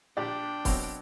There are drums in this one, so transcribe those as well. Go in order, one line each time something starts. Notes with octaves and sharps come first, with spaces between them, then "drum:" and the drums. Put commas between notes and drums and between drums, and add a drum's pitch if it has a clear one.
A#1 D4 G4 D5 G5
B2 F#3 C4, drum: kick, open hi-hat